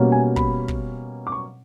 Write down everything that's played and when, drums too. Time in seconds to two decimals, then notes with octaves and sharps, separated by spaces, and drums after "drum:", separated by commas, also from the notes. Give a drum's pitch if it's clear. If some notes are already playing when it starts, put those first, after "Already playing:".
Already playing: B2 G3 A#3 C#4
0.12 G#5
0.36 B5, drum: kick
0.68 drum: kick
1.27 D6
1.32 C#6